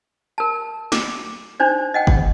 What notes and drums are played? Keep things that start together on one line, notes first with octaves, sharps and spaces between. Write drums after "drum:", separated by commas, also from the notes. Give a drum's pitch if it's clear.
A#4 A5
D6, drum: snare
D4 D#4 C5 D5
D#5 F#5 G5
drum: kick G1